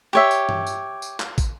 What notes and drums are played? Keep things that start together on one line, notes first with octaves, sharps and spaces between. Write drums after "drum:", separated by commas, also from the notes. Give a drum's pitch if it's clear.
G4 C#5 E5
drum: tambourine
drum: tom G2
drum: tambourine
drum: tambourine
drum: clap
drum: kick, tambourine